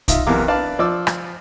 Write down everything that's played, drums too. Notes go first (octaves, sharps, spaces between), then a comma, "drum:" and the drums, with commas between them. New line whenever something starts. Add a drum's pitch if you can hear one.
D#4 F4 E5, drum: kick, hi-hat
B1 C3 E3 A#4 F5 D6
D4 B4 D5 F5 A5
F3 D5 D6 E6
drum: rim click